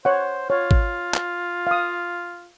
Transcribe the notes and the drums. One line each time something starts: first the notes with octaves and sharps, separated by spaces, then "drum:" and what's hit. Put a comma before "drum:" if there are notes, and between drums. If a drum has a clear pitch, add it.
C5 C#5 F#5
F4 C#5
drum: kick
drum: clap
F5 D#6